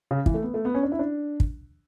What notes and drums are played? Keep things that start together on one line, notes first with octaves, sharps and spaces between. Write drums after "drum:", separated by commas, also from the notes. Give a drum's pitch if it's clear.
C#3
E3, drum: kick
A3
B3
A3
B3
C#4
D4
E4
D4
drum: kick